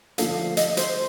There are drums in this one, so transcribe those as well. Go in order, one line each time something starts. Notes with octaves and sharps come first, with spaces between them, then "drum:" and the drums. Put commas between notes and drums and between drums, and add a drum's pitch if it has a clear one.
D3 F3 A3 D4 A4 F5, drum: hi-hat
F5
D#5, drum: hi-hat
C5, drum: hi-hat